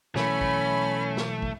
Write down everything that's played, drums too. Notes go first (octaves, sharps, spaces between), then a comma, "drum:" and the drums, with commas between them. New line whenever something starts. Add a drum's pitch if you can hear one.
B1 E3 A3 C#4 B5, drum: snare
drum: kick
drum: snare
drum: kick